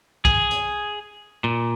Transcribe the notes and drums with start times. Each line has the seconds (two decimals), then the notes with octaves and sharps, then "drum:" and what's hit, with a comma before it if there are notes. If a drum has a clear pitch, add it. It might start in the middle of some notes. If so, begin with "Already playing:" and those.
0.25 G#4, drum: kick B1
0.51 drum: hi-hat
1.44 A#2